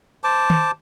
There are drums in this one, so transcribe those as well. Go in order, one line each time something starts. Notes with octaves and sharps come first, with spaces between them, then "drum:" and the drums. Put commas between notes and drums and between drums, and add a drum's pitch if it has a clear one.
C5 A5 D6
drum: tom